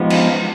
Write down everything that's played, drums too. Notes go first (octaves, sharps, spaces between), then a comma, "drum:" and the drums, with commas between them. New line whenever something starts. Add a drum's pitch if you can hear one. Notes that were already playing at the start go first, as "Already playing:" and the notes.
Already playing: F3 G#3 B3 D#4 G4
drum: cymbal